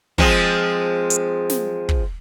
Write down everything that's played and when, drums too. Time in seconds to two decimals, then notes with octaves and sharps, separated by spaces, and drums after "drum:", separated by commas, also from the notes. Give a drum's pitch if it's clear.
0.18 F3 G#3 C4, drum: kick
1.10 drum: hi-hat
1.49 drum: snare
1.89 drum: kick